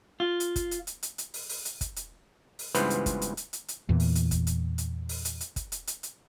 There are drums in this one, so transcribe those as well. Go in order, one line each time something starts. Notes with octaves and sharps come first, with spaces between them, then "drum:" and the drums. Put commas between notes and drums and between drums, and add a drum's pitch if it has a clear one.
F4
drum: hi-hat
drum: kick, hi-hat
drum: hi-hat
drum: hi-hat
drum: hi-hat
drum: hi-hat
drum: open hi-hat
drum: open hi-hat
drum: hi-hat
drum: kick, hi-hat
drum: hi-hat
drum: open hi-hat
C#2 G2 E3 B3 C5, drum: hi-hat
drum: hi-hat
drum: kick, hi-hat
drum: hi-hat
drum: hi-hat
drum: hi-hat
drum: hi-hat
E2 A#2 E3
drum: open hi-hat
drum: hi-hat
drum: kick, hi-hat
drum: hi-hat
drum: hi-hat
drum: open hi-hat
drum: hi-hat
drum: hi-hat
drum: kick, hi-hat
drum: hi-hat
drum: hi-hat
drum: hi-hat